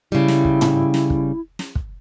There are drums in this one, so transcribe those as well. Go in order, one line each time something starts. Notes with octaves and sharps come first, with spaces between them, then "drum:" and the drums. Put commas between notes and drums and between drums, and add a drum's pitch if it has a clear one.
C#3 G3 E4
drum: snare
drum: kick
drum: tom
drum: snare
drum: kick
drum: snare
drum: kick